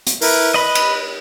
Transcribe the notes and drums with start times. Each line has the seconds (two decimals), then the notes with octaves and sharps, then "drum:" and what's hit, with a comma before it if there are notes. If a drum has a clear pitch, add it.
0.07 drum: hi-hat
0.22 E4 A#4 B4, drum: open hi-hat
0.54 B4 D#5 B5
0.75 drum: cymbal